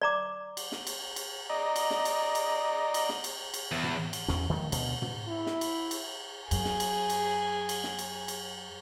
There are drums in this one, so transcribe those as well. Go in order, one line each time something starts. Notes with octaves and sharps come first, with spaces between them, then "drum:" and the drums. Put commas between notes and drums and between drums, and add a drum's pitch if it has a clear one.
D5 A#5 D6
drum: cymbal
drum: snare
drum: cymbal
drum: cymbal
D5 D#5 A#5
drum: cymbal
drum: snare
drum: cymbal
drum: cymbal
drum: cymbal
drum: snare
drum: cymbal
drum: cymbal
E2
drum: tom
drum: cymbal
E2 C#4, drum: snare
D#3 F3 G#3 A3
D2 B2, drum: cymbal
drum: tom
E4
drum: snare
drum: cymbal
drum: cymbal
F#2 G#4, drum: cymbal
drum: snare
drum: cymbal
drum: cymbal
drum: cymbal
drum: snare
drum: cymbal
drum: cymbal